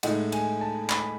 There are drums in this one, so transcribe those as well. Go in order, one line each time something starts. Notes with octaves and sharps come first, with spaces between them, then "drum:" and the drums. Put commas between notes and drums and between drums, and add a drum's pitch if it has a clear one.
A2 G#3 D#4 F#5, drum: cymbal
G#5, drum: cymbal
A5
B5, drum: clap